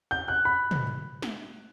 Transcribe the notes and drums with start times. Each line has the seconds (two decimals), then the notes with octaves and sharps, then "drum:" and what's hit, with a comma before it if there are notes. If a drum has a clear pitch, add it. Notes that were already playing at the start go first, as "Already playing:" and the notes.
0.11 G6
0.28 F#6
0.45 B5
0.71 drum: tom
1.22 drum: snare